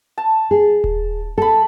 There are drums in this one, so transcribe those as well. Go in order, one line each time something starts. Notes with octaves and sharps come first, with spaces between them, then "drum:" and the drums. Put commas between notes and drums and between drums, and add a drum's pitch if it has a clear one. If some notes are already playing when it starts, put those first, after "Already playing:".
A5
G#4
drum: kick D#1
A4 A5 B5